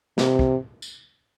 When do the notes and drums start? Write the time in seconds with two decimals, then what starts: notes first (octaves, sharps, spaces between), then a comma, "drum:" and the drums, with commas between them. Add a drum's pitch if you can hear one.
0.18 C3, drum: snare
0.39 drum: kick
0.82 drum: tambourine